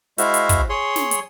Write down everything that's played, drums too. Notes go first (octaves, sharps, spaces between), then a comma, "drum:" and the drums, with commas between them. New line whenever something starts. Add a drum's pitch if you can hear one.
G#3 E4 F#4 C5 E5 F5, drum: hi-hat
drum: hi-hat
drum: kick, hi-hat
G#4 C#5 C6
drum: snare
drum: hi-hat